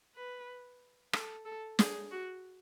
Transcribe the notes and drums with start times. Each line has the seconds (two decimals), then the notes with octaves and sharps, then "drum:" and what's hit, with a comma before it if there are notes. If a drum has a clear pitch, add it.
0.15 B4
1.13 A4, drum: rim click
1.45 A4
1.79 G#4, drum: snare
2.11 F#4